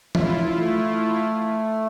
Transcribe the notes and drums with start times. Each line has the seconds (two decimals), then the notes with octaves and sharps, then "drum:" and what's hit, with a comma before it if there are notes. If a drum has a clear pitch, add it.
0.15 E4 F4, drum: tom E3
0.58 A3